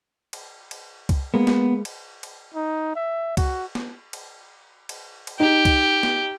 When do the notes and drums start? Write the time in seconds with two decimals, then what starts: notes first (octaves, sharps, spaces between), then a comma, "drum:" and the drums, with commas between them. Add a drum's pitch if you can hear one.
0.33 drum: cymbal
0.71 drum: cymbal
1.09 drum: kick C2, cymbal
1.34 G#3 A#3 B3
1.47 drum: snare
1.85 drum: cymbal
2.23 drum: cymbal
2.55 D#4
2.95 E5
3.37 F#4, drum: kick C2, cymbal
3.75 drum: snare
4.13 drum: cymbal
4.89 drum: cymbal
5.27 drum: cymbal
5.40 D#4 G4
5.65 drum: kick C2, cymbal
6.03 drum: snare